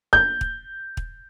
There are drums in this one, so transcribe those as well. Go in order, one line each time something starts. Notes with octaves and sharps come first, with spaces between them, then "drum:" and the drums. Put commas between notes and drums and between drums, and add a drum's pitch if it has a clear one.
G6, drum: kick
drum: kick
drum: kick